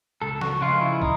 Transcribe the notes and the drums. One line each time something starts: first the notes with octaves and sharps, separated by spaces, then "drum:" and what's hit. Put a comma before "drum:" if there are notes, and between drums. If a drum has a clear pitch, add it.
C#2 A4
F#4, drum: snare
C#3 F3 G#3 F4
E4
D#4, drum: kick